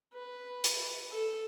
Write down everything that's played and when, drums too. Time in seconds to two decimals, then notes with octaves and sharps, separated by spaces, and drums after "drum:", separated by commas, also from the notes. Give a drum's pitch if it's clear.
0.13 B4
0.64 drum: hi-hat
1.12 A4